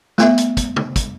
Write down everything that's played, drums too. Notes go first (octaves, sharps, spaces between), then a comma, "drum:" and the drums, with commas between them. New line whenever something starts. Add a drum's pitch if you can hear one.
A3 B3 E5, drum: snare
drum: hi-hat
drum: kick, hi-hat
drum: tom
drum: kick, hi-hat